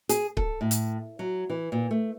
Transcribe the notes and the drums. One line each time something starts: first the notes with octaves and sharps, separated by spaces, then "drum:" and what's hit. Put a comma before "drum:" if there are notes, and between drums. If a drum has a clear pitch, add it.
G#4, drum: hi-hat
A4, drum: kick C#1
A2
drum: hi-hat
F#3
E3
A#2
A3